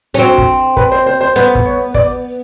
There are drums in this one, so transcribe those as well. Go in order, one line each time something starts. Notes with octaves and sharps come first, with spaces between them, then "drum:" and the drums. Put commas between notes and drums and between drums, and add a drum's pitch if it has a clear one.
C#4
C4 F#4
drum: kick
B4, drum: kick
C5
C5
C5
B3 C5
drum: kick
C#5
D5, drum: kick